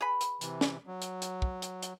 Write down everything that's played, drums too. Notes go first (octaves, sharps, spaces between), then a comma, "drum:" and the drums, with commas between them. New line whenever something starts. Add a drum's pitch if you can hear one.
G#4 B4 B5
drum: hi-hat
C3 E3, drum: hi-hat
drum: snare
F#3
drum: hi-hat
drum: hi-hat
drum: kick
drum: hi-hat
drum: hi-hat